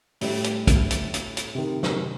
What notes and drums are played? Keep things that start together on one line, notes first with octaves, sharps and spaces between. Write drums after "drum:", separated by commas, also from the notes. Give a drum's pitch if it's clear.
A2 G3, drum: open hi-hat
drum: hi-hat
drum: kick, hi-hat
drum: hi-hat
drum: hi-hat
drum: hi-hat
C3 D#3
drum: snare